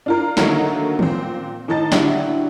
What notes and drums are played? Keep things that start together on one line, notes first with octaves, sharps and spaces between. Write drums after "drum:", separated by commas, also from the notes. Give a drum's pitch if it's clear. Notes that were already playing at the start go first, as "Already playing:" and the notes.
D4 F4 A#4
D3 D#3 F#3 A3 A#3 D#4, drum: snare
A#2 C4, drum: tom D#3
A2 D#3 D#4 A5 A6
D3 F#3 D4 E4 G4, drum: snare